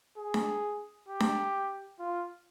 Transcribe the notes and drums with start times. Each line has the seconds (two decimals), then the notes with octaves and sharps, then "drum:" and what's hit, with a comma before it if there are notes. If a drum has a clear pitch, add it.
0.18 G#4
0.34 drum: snare D4
1.09 G4
1.20 drum: snare D4
2.00 F4